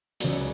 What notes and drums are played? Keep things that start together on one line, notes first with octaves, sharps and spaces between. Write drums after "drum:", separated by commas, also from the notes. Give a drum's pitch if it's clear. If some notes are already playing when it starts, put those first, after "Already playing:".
C#2 C#3 F#3 D5, drum: hi-hat